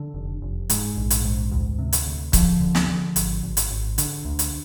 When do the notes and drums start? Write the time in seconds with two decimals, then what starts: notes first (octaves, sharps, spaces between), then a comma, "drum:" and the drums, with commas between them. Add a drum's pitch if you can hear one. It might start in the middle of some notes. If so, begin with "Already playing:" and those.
Already playing: D3
0.14 F1
0.42 F1
0.70 G#2, drum: hi-hat
0.97 A#1
1.10 drum: hi-hat
1.24 G#2
1.52 D2
1.79 C3
1.93 drum: hi-hat
2.06 D2
2.33 D2 D3 F3, drum: kick, hi-hat
2.61 D3
2.75 drum: snare
2.88 D3
3.16 G#1, drum: hi-hat
3.43 G#1
3.57 drum: hi-hat
3.70 G#1
3.98 D3, drum: hi-hat
4.25 D2
4.39 drum: hi-hat